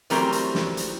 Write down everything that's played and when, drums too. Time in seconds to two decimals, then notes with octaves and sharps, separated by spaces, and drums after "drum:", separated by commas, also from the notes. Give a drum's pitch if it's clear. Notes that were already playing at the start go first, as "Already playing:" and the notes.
0.10 E3 F#3 G3 A3 C4 A#4, drum: hi-hat
0.32 drum: hi-hat
0.55 drum: snare
0.77 drum: hi-hat